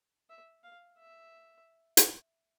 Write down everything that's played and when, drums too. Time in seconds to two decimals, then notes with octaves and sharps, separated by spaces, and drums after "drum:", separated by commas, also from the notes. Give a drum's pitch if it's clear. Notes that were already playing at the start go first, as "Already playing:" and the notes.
0.30 E5
0.64 F5
0.98 E5
1.97 drum: hi-hat